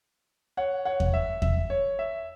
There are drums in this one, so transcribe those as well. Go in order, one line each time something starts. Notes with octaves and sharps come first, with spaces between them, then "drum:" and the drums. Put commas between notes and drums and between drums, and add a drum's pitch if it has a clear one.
C#5 F#5
C#5 F#5
drum: kick E2
E5
E5, drum: kick E2
C#5
E5